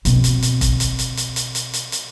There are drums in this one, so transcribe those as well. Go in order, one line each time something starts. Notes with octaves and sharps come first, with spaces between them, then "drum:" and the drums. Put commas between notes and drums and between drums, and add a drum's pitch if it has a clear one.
B2 C4, drum: hi-hat
drum: hi-hat
drum: hi-hat
drum: kick, hi-hat
drum: hi-hat
drum: hi-hat
drum: hi-hat
drum: hi-hat
drum: hi-hat
drum: hi-hat
drum: hi-hat